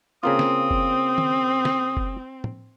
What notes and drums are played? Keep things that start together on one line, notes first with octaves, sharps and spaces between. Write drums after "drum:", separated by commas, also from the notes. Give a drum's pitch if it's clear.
C#3 A#3 C4 F4 D#6
drum: snare
drum: kick F#1
drum: tom D#3
drum: snare
drum: kick F#1
drum: tom